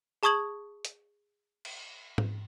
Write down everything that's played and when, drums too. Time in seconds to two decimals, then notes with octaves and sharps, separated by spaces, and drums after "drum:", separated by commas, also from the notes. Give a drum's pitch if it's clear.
0.23 G#4 A5 C#6 D#6 G#6 F#7
0.85 drum: hi-hat
1.65 drum: cymbal
2.18 drum: tom G#2